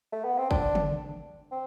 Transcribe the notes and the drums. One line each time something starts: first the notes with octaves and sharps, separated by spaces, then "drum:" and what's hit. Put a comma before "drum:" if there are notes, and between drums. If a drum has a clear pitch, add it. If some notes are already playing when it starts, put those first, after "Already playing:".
A3
B3
C4
D4, drum: kick
drum: tom
C4